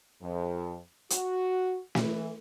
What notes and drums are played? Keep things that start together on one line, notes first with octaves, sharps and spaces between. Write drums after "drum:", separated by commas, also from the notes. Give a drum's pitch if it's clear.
F2
F#4, drum: hi-hat
E3, drum: snare